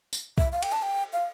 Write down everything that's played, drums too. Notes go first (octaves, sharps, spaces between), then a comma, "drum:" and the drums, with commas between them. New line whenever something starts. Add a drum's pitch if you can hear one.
drum: tambourine
E5, drum: kick
F5
G5, drum: cymbal
A5
G5
F5